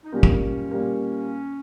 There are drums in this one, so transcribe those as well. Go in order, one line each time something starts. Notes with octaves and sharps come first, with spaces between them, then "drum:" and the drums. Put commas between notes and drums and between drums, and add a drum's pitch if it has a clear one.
D#4
A#2 G3 A#3 C#4
drum: kick
A#2 G3 A#3